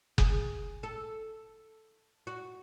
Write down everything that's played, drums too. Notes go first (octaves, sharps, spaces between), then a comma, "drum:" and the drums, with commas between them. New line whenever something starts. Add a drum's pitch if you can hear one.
G#4, drum: kick F#1
A4
F#4